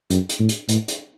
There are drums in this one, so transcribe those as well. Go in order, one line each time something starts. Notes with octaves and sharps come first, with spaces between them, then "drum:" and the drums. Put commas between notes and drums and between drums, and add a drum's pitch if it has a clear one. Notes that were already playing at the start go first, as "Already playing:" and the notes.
F#2, drum: hi-hat
drum: hi-hat
A2
drum: hi-hat
A2, drum: hi-hat
drum: hi-hat